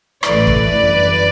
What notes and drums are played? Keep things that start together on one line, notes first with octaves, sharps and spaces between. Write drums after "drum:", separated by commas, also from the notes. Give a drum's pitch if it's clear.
A1 A2 E3 A3 B4 D5, drum: rim click
drum: kick
G1 F#2 E3